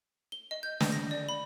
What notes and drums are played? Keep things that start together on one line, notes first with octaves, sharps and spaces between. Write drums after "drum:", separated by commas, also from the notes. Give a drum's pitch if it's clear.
G7
D#5
G6
A#6, drum: snare
A#6
D5
B5